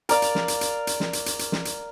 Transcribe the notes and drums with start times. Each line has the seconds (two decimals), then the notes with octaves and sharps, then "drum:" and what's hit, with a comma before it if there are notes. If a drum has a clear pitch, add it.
0.09 A#4 D5 F5, drum: hi-hat
0.22 drum: hi-hat
0.35 drum: snare
0.48 drum: hi-hat
0.61 drum: hi-hat
0.87 drum: hi-hat
1.00 drum: snare
1.13 drum: hi-hat
1.26 drum: hi-hat
1.39 drum: hi-hat
1.52 drum: snare
1.65 drum: hi-hat